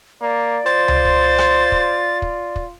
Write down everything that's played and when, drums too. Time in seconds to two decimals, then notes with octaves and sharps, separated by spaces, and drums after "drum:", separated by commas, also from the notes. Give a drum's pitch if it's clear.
0.21 A#3 D5
0.66 F4 C5 A6
0.88 drum: tom C#2
1.05 drum: kick
1.38 drum: rim click
1.72 drum: kick
2.22 drum: kick
2.56 drum: kick